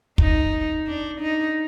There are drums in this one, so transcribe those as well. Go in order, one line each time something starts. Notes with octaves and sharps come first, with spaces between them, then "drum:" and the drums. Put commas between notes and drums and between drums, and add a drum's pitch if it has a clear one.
D#4, drum: kick
D4
D#4